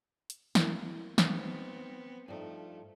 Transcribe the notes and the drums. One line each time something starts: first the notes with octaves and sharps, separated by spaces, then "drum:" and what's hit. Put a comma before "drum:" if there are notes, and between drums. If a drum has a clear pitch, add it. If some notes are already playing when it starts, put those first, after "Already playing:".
drum: hi-hat
E4 A#4, drum: snare
B3 C4 D#4, drum: snare
G2 F3 A3 D#4